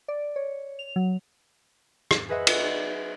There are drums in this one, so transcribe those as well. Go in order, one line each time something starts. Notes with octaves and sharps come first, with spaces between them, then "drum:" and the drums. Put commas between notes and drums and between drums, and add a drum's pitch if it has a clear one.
D5
C#5
F7
F#3
drum: rim click
G#4 B4 C5 D#5 E5 F#5
drum: cymbal